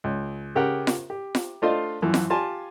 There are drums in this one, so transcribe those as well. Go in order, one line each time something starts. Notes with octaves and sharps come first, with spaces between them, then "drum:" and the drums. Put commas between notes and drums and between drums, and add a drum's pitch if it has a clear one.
C#2
C#3 G4 A#4 F#5
drum: snare F4
G4
drum: snare F4
A3 D4 F4 C5 D#5 F5
F#2 E3 F3
drum: snare F4
F4 G4 G#5 A5 C6